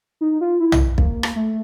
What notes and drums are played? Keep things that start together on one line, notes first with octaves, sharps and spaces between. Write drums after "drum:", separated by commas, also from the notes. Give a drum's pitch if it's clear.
D#4
F4
E4
drum: tom
A#3, drum: kick
drum: rim click
A3